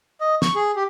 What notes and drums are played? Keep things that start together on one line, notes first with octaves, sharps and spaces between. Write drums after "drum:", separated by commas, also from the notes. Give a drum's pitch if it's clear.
D#5
C#6, drum: snare
G#4
G4